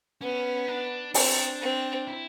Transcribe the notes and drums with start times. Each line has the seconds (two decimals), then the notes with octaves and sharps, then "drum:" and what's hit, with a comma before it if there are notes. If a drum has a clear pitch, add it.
0.21 B3 C#4
0.68 D4
1.14 C4 D4, drum: open hi-hat
1.62 C4
2.07 E4